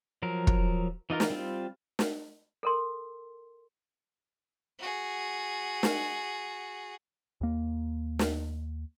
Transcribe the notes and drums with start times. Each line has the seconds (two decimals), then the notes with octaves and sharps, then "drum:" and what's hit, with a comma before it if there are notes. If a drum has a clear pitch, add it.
0.22 F3 F#3 A#4
0.47 drum: kick
1.10 E3 D#4 F4 A#4
1.20 drum: snare
1.30 G3 C4 F4
1.99 drum: snare
2.63 A4 A#4 C6
4.79 F#4 G#4
5.83 drum: snare
7.41 D#2 A#3
8.19 drum: snare